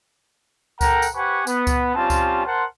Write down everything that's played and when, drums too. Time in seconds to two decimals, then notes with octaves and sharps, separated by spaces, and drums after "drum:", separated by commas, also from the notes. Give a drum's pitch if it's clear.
0.81 A4 A#4 F#5 G5 A#5, drum: kick C#2, tambourine
1.02 drum: tambourine
1.15 G4 B4 C5 F#5 G#5 C#6
1.47 B3, drum: tambourine
1.67 drum: kick C#2, tambourine
1.95 G3 C4 C#4 F4 G4 A5
2.10 drum: kick C#2, tambourine
2.45 A#4 C5 F#5 A5 C6